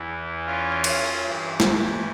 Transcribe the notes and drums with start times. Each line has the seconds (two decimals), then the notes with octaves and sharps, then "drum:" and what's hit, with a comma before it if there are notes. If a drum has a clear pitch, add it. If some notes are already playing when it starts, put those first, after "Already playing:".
Already playing: E2 E3
0.46 C#4 F4
0.84 drum: cymbal
1.22 G2 E3
1.60 drum: snare